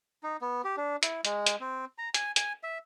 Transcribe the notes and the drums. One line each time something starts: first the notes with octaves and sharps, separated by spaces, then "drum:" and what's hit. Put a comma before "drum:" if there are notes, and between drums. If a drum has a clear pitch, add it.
D#4
B3
G4
D4
E4, drum: hi-hat
G#3, drum: hi-hat
drum: hi-hat
C4
A#5
G#5, drum: hi-hat
G#5, drum: hi-hat
E5